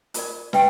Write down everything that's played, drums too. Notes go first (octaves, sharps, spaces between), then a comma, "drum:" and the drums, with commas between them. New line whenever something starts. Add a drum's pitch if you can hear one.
F4 A#4 D5, drum: hi-hat
B4 E5 G5, drum: snare